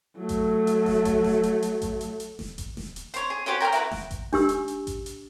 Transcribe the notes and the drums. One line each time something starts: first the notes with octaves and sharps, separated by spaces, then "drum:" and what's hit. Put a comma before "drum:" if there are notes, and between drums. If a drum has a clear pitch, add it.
F#3 A3
drum: kick A1, hi-hat
drum: hi-hat
drum: snare D#1
drum: kick A1, hi-hat
drum: snare D#1
drum: hi-hat
drum: hi-hat
drum: kick A1, hi-hat
drum: hi-hat
drum: hi-hat
drum: snare D#1
drum: kick A1, hi-hat
drum: snare D#1
drum: hi-hat
C5 C#5, drum: hi-hat
G#4
F#4 G4 C5 C#5
A#4 G5 C6 F6
E4 F#4 B4, drum: hi-hat
drum: snare D#1
drum: kick A1, hi-hat
D4 G4 E6, drum: snare D#1
drum: hi-hat
drum: hi-hat
drum: kick A1, hi-hat
drum: hi-hat